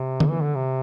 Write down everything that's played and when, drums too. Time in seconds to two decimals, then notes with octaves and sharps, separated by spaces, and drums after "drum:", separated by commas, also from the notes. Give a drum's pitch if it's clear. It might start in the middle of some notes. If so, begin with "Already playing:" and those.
Already playing: C3
0.20 drum: tom D3
0.30 E3
0.43 D3
0.55 C3